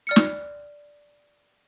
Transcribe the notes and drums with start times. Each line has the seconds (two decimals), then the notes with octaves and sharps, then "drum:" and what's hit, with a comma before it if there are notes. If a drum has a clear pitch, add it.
0.07 D5 F6 C#7
0.16 drum: snare